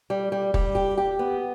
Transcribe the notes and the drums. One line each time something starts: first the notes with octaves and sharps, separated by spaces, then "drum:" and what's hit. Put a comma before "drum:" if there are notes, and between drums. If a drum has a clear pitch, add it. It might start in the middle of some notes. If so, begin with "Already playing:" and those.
G3
G3
G3, drum: kick
G4
G4
B3